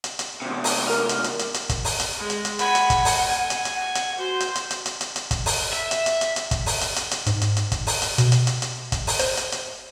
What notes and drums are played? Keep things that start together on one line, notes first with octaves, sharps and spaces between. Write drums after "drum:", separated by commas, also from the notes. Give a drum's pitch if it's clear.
drum: hi-hat
drum: hi-hat
E2 C3
drum: open hi-hat
A#4 F6
drum: hi-hat
drum: hi-hat
drum: hi-hat
drum: hi-hat
drum: kick, hi-hat
drum: open hi-hat
drum: hi-hat
G#3
drum: hi-hat
drum: hi-hat
F#5 G#5 B5, drum: hi-hat
drum: hi-hat
drum: kick, hi-hat
drum: open hi-hat
G#5
drum: hi-hat
drum: hi-hat
F#5
drum: hi-hat
F#4 C5
drum: hi-hat
drum: hi-hat
drum: hi-hat
drum: hi-hat
drum: hi-hat
drum: hi-hat
drum: kick, hi-hat
drum: open hi-hat
E5
drum: hi-hat
drum: hi-hat
drum: hi-hat
drum: hi-hat
drum: kick, hi-hat
drum: open hi-hat
drum: hi-hat
drum: hi-hat
drum: hi-hat
G#2, drum: hi-hat
drum: hi-hat
drum: hi-hat
drum: kick, hi-hat
drum: open hi-hat
drum: hi-hat
B2, drum: hi-hat
drum: hi-hat
drum: hi-hat
drum: hi-hat
drum: kick, hi-hat
drum: open hi-hat
C5, drum: hi-hat
drum: hi-hat
drum: hi-hat